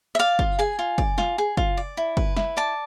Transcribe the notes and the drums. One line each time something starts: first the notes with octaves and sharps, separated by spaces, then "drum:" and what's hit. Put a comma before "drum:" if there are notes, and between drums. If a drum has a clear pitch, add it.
E5
D5 F5
F4, drum: kick
G#4 G#5
F4
D5, drum: kick
F4, drum: snare
G#4
F4, drum: kick
D5
E4
B4, drum: kick
E4, drum: snare
D5 A5